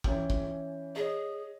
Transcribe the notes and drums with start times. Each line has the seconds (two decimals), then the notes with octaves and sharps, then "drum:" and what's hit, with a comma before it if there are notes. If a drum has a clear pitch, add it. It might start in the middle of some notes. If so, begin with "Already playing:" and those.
0.04 E3 C#4 G5, drum: kick
0.30 drum: kick
0.96 G#4 C#5 D#5